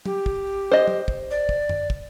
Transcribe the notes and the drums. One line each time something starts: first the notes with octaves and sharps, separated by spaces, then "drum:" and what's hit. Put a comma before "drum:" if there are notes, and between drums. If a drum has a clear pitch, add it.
G4, drum: tom
drum: kick
C5 D#5
drum: tom
drum: kick
D5
drum: kick
drum: tom F#2
drum: kick